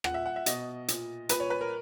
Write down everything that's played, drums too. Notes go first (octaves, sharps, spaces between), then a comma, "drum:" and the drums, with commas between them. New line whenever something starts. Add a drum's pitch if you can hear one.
A#2 F#5, drum: rim click
E5
F#5
E5
B2 D#5, drum: hi-hat
A#2, drum: hi-hat
A#2 B4, drum: hi-hat
C#5
B4
A#4